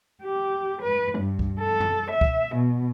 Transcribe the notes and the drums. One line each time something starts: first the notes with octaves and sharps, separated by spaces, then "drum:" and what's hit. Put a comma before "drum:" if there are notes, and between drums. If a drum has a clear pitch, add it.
G4
B4
G2
drum: kick
A4
drum: tom F#2
E5
drum: kick
B2